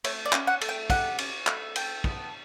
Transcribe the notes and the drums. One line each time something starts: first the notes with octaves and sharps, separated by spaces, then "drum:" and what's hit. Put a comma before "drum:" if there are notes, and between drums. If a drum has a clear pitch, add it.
A3 C#5, drum: cymbal
D5
C#4, drum: clap
F#5
A3, drum: cymbal
G5
G4 F#5, drum: kick, cymbal
C#4, drum: cymbal
A3, drum: clap
A4 G5, drum: cymbal
B3, drum: kick